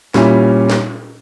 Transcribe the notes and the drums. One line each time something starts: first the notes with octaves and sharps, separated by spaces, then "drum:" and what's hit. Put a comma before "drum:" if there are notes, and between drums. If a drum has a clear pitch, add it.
A#2 G3 C#4 E4, drum: snare
drum: snare